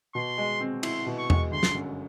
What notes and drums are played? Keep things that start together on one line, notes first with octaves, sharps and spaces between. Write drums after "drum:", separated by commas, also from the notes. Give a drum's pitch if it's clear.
B2 C6
G#3
C4
E4 C6, drum: cymbal
B2
C#6
G#3, drum: tom E2
G1 C6
drum: snare
F#2